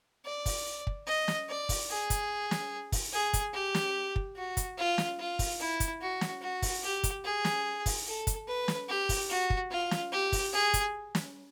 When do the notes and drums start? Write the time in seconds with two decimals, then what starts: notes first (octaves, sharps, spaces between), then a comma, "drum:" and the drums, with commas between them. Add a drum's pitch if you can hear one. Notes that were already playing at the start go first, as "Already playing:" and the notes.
0.25 D5
0.46 drum: kick, open hi-hat
0.87 drum: kick
1.07 D#5
1.28 drum: snare
1.49 D5
1.69 drum: kick, open hi-hat
1.90 G#4
2.10 drum: kick, hi-hat
2.51 drum: snare
2.92 drum: kick, open hi-hat
3.13 G#4
3.33 drum: kick, hi-hat
3.54 G4
3.75 drum: snare
4.16 drum: kick
4.37 F#4
4.57 drum: kick, hi-hat
4.77 F4
4.98 drum: snare
5.19 F4
5.39 drum: kick, open hi-hat
5.60 E4
5.80 drum: kick, hi-hat
6.01 F#4
6.21 drum: snare
6.42 F#4
6.62 drum: kick, open hi-hat
6.83 G4
7.04 drum: kick, hi-hat
7.24 G#4
7.45 drum: snare
7.86 drum: kick, open hi-hat
8.06 A4
8.27 drum: kick, hi-hat
8.48 B4
8.68 drum: snare
8.89 G4
9.09 drum: kick, open hi-hat
9.29 F#4
9.50 drum: kick
9.70 F4
9.91 drum: snare
10.12 G4
10.32 drum: kick, open hi-hat
10.53 G#4
10.74 drum: kick, hi-hat
11.15 drum: snare